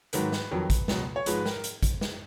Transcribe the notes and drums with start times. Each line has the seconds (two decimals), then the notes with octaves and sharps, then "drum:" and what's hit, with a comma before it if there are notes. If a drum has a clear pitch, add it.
0.13 G#2 D#3 F#3 B4, drum: hi-hat
0.32 drum: snare
0.51 F2 D#3 F#3
0.70 drum: kick, hi-hat
0.88 C#2 B2 F#3, drum: snare
1.16 C#5
1.26 G#2 F3 G#3 B4, drum: hi-hat
1.46 A#4, drum: snare
1.64 drum: hi-hat
1.83 drum: kick, hi-hat
2.01 drum: snare